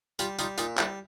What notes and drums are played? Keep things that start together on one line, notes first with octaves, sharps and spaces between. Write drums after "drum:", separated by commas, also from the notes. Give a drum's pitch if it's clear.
G3 F4 G4, drum: hi-hat
G3 D#4 F4, drum: hi-hat
A#2 D#4 F4, drum: hi-hat
G3 D4 E4, drum: clap